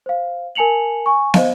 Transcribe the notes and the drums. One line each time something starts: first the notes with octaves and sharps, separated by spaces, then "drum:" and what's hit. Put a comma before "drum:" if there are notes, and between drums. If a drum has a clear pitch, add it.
C5 F5
A#4 G#5 A5 C#7 F7 F#7
G#5 C#6
C5 D#5 F5, drum: snare